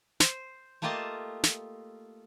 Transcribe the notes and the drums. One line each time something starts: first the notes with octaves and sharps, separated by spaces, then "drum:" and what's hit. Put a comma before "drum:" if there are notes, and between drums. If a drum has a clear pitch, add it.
C5, drum: snare
A3 A#3 F4 G4 D#5 A5
drum: snare